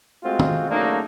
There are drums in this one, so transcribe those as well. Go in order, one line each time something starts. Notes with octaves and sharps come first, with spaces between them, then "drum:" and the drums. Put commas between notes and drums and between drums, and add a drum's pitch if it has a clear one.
G#3 A3 C4 F4 F#4
drum: tom
C#3 F#3 A3 A#3 D4 D#4